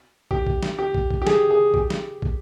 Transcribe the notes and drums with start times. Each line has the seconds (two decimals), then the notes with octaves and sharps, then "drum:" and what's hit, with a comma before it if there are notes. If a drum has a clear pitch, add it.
0.31 G4, drum: kick
0.47 drum: kick
0.63 drum: snare
0.79 G4
0.95 drum: kick
1.11 drum: kick
1.22 G4
1.27 G#4, drum: snare
1.50 G#4
1.74 G4, drum: kick
1.90 drum: snare
2.22 drum: kick